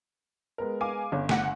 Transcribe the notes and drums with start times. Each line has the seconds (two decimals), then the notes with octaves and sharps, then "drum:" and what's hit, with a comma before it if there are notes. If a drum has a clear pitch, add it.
0.58 G#3 B3 A#4
0.81 F5 G#5 D6
1.12 G1 C#4
1.29 F#5 G#5, drum: snare